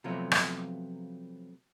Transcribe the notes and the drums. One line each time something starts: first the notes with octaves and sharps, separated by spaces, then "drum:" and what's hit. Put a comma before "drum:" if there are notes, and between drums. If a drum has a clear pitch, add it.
C3 F3 F#3 A3 B3 F4
drum: rim click